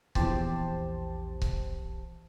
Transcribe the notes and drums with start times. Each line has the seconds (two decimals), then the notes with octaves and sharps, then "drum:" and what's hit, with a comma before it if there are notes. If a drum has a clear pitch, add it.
0.15 A#1 E2 G4 C5 A5, drum: kick C#1
1.42 drum: kick C#1